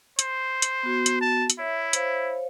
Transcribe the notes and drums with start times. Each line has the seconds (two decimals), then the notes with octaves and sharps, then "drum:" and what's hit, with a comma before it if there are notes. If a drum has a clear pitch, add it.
0.19 C5, drum: hi-hat
0.62 drum: hi-hat
0.83 B3 F#4
1.06 drum: hi-hat
1.21 A5
1.50 drum: hi-hat
1.59 E4 C#5 E5
1.93 C5 C#5 F5, drum: hi-hat